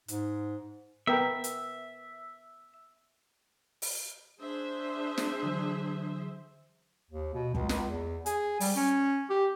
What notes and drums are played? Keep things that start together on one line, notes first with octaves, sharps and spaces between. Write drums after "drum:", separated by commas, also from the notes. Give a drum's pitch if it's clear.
G#2, drum: hi-hat
B3 A#4 E5 G5
drum: hi-hat
drum: open hi-hat
D4 G#4 C5 E5
drum: snare
D3 E3 F#3
D#2
B2
C#2, drum: kick
C#2, drum: snare
E2
G#4, drum: hi-hat
G3, drum: open hi-hat
C#4
G4